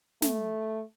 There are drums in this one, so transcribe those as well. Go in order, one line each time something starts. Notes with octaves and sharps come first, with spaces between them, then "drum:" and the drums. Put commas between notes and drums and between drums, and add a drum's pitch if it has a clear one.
A3, drum: snare